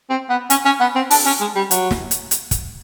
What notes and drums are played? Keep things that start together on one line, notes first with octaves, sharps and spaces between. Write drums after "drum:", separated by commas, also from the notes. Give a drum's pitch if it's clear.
C4
B3
C#4, drum: hi-hat
C#4
B3
C4
D4, drum: open hi-hat
C#4
G#3
G3
F#3, drum: hi-hat
drum: snare
drum: hi-hat
drum: hi-hat
drum: kick, hi-hat